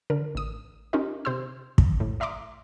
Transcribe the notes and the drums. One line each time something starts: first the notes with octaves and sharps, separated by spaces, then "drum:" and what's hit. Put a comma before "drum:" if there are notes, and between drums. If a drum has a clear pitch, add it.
D3 D4 A#4
A1 D#6
C#4 D#4 F4 G4 A#4 D#5
C3 C5 C6 E6
drum: kick
A2
D5 E5 A#5 C6 D6 D#6